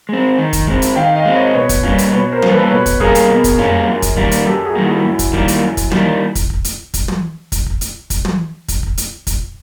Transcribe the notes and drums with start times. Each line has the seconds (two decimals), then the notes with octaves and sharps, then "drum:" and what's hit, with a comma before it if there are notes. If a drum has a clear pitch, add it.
0.09 G#3 C4
0.38 D#3
0.53 drum: kick, hi-hat
0.67 G#3 C4, drum: kick
0.82 drum: hi-hat
0.96 D#3 F5 G5
1.15 D#5 F5
1.26 G#3 C4
1.35 C#5 D#5
1.54 B2 B4 C#5
1.69 drum: kick, hi-hat
1.83 G3 A#3 C#4 F4, drum: kick
1.98 drum: hi-hat
2.13 B2 B4 C#5
2.32 A#4 C5
2.42 G3 A#3 C#4 F4, drum: tom
2.52 A4 B4
2.71 B2 B4 C#5
2.86 drum: kick, hi-hat
3.00 G3 A#3 C#4 F4 G#4 A#4, drum: kick
3.15 drum: hi-hat
3.29 B2
3.44 drum: kick, hi-hat
3.59 G3 A#3 C#4 F4, drum: tom F2
3.88 F#2
4.02 drum: kick, hi-hat
4.17 D#3 G3 A#3, drum: kick
4.31 drum: hi-hat
4.46 F#2 G4 A4
4.65 F#4 G#4
4.75 D#3 G3 A#3
4.84 E4 F#4
5.04 F#2
5.19 drum: kick, hi-hat
5.33 D#3 G3 A#3, drum: kick
5.48 drum: hi-hat
5.62 F#2
5.77 drum: kick, hi-hat
5.91 D#3 G3 A#3, drum: tom
6.35 drum: kick, hi-hat
6.50 drum: kick
6.64 drum: hi-hat
6.94 drum: kick, hi-hat
7.08 drum: tom
7.52 drum: kick, hi-hat
7.66 drum: kick
7.81 drum: hi-hat
8.10 drum: kick, hi-hat
8.25 drum: tom
8.68 drum: kick, hi-hat
8.83 drum: kick
8.98 drum: hi-hat
9.27 drum: kick, hi-hat